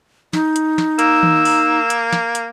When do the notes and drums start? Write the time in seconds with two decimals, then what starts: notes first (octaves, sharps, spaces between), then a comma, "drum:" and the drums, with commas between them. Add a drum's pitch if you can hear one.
0.33 D#4, drum: snare
0.56 drum: hi-hat
0.78 drum: snare
0.99 A#3 E6, drum: hi-hat
1.23 drum: tom D#3
1.45 drum: open hi-hat
1.90 drum: hi-hat
2.13 drum: snare
2.35 drum: hi-hat